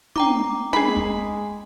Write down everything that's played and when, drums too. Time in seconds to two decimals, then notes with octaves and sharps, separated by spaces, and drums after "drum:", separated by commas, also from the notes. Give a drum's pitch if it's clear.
0.16 G5 A#5 D6, drum: tom
0.73 G#3 G#4 B5, drum: tom
0.96 drum: kick